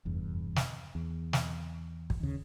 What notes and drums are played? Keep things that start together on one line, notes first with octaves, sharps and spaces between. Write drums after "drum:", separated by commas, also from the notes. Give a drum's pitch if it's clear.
F1 E2 G2
drum: snare
E2
drum: snare
drum: kick
D#2 C#3